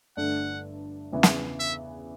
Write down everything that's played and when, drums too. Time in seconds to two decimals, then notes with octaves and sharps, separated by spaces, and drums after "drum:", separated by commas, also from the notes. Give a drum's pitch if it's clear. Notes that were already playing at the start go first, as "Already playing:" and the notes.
0.17 G1 G2 D3 A3 D4 F#5
1.12 E2 C#3 E3 B3
1.23 drum: snare
1.59 E5